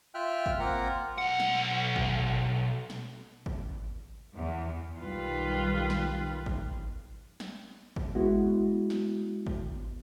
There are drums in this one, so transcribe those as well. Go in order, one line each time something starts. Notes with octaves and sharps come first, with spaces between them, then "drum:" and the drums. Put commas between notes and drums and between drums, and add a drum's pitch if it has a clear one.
F4 E5 G5 F6 F#6
drum: kick G#1
A#3 C4 F4 A#4 F#5 A#5
B1 F#5
drum: snare
drum: kick G#1
drum: snare
drum: kick G#1
E2
B1 D#3 G3 F4 B4
drum: snare
drum: kick G#1
drum: snare
drum: kick G#1
G#3 B3 E4 F#4
drum: snare
drum: kick G#1